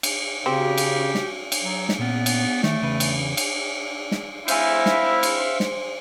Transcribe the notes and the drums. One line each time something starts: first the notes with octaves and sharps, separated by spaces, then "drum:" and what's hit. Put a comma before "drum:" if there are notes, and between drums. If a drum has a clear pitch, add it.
drum: cymbal
C#3 C4 C#4 F#4 G4
drum: cymbal
drum: snare
drum: cymbal
F#3
drum: snare
A#2 B3 C#4
drum: cymbal
D#3 A3, drum: snare
E2 C#3 B4
drum: cymbal
drum: cymbal
drum: snare
C4 E4 C5 E5 F5 G#5, drum: cymbal
drum: snare
drum: cymbal
drum: snare